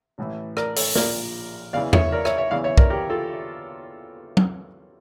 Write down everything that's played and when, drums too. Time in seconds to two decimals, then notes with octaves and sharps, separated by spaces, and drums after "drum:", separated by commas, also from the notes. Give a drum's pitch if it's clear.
0.18 A1 A2 E3
0.57 A#4 D5, drum: rim click
0.76 A4 C#5, drum: open hi-hat
0.96 A#1 A#2 F3 A#4 D5, drum: snare
1.73 E2 C#3 E3 D5 F5
1.93 C#5 E5, drum: tom E2
2.12 A#4 D5
2.25 C#5 E5, drum: rim click
2.38 C#5 E5
2.51 E2 C#3 E3 D5 F5
2.64 C#5 E5
2.78 A#4 D5, drum: kick
2.90 G4 A#4
3.10 F4 A4
4.37 drum: tom